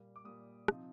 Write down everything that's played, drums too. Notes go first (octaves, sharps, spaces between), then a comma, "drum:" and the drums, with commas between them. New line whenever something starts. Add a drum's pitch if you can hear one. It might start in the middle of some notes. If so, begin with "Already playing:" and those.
Already playing: A#2 G3 A#3
D6
A#2 G3 A#3 D#6
C3 F3 C4 D#4, drum: rim click